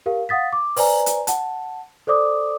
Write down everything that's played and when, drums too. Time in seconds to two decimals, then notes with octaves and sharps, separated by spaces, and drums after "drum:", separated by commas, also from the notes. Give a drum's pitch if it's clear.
0.06 G4 A#4 F5
0.29 F5 F#5 D#6 A6 B6
0.53 D6
0.76 B4 C5 D5 G#5 A#5, drum: open hi-hat
1.06 drum: hi-hat
1.27 F#5 A5, drum: hi-hat
2.07 A4 C5 D5 D6 D#6